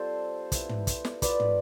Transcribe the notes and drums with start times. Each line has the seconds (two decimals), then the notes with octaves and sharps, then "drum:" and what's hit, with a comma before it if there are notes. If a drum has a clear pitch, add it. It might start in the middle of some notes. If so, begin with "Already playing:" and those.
Already playing: G3 C4 F4 A4 C5
0.52 B3 E4, drum: kick, hi-hat
0.69 drum: tom
0.87 drum: kick, hi-hat
1.05 drum: snare
1.22 B3 F4 B4 D5, drum: kick, hi-hat
1.40 drum: tom